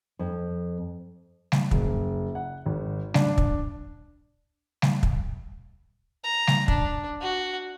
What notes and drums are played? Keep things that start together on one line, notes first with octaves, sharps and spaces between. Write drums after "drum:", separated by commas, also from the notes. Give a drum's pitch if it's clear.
F2
drum: snare G3
F#1, drum: kick
F#5
G#1
D4, drum: snare G3
drum: kick
drum: snare G3
drum: kick
A#5
drum: snare G3
D4, drum: kick
F#4